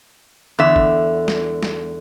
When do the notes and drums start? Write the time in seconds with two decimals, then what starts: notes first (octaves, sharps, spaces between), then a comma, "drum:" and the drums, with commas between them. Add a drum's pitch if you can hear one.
0.59 E2 D3 E5
0.76 drum: kick
1.28 drum: snare
1.63 drum: snare